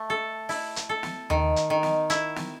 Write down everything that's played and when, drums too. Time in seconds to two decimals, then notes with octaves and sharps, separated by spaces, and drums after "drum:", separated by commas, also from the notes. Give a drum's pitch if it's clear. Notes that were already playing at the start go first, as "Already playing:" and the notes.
Already playing: A3
0.10 A4
0.49 E4, drum: open hi-hat
0.76 drum: hi-hat
0.89 A4
1.03 drum: snare
1.30 D#3, drum: tom D#2
1.56 drum: hi-hat
1.70 D#3
1.83 drum: snare
2.10 E4, drum: hi-hat
2.36 drum: snare